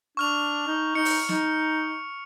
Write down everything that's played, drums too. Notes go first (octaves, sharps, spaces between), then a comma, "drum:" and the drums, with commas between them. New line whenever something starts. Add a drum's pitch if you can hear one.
D4 C#6 F6 F7
D#4
D#4 C#7
drum: open hi-hat
D#4, drum: snare